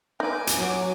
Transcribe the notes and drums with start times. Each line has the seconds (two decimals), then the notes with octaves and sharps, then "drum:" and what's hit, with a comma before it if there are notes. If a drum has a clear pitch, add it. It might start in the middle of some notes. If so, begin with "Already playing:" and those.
0.20 D#4 B4 G#5 D6
0.47 drum: hi-hat
0.57 F#3